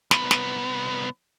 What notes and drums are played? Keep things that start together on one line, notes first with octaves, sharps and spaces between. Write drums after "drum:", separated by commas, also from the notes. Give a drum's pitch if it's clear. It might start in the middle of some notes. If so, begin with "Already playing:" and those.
C2 B3, drum: snare
drum: snare